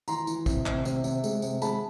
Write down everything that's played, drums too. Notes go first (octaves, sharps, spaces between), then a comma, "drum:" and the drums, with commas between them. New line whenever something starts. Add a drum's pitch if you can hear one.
E3 A#5 C6, drum: tambourine
E3, drum: tambourine
C3, drum: kick, tambourine
C3, drum: clap
C3, drum: tambourine
C3, drum: tambourine
G#3, drum: tambourine
C3, drum: tambourine
G#3 A5 B5, drum: tambourine